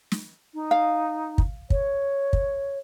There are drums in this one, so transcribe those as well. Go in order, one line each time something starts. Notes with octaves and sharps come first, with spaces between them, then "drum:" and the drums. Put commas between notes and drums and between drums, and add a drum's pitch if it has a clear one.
drum: snare
D#4
F5
drum: kick
C#5, drum: kick
drum: kick